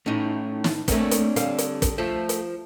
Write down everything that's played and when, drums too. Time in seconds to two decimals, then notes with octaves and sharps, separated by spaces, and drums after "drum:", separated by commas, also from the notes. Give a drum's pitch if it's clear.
0.06 A2 A3 C#4 D#4
0.64 drum: snare
0.88 A3 A#3 C4 D4 C#5, drum: kick, hi-hat
1.11 drum: hi-hat
1.36 D3 G3 F5, drum: hi-hat
1.58 drum: hi-hat
1.82 drum: kick, hi-hat
1.98 A3 F4 C5
2.29 drum: hi-hat